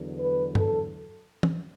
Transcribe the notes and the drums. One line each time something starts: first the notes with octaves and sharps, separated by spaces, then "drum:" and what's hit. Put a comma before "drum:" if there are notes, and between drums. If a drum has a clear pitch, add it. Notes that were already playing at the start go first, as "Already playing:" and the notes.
Already playing: E2 D3 F#3
B4
A4, drum: tom G2
drum: tom